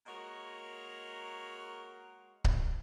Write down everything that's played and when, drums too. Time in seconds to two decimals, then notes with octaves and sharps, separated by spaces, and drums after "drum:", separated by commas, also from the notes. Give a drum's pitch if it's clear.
0.07 G#3 A#3 F#4 A#4 C#5 D#5
2.44 drum: kick C#1